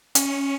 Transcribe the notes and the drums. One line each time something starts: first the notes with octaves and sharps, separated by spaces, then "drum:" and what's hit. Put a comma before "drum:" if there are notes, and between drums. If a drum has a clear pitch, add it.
C#4, drum: hi-hat